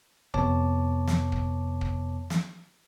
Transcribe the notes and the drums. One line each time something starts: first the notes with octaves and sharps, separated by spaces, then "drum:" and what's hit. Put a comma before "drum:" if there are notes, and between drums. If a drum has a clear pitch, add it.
F2 C3 B3 C#5 A5 D6, drum: kick
drum: snare
drum: kick
drum: kick
drum: snare